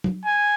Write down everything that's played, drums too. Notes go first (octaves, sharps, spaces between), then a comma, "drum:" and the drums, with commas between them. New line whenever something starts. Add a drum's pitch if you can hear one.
drum: tom
G#5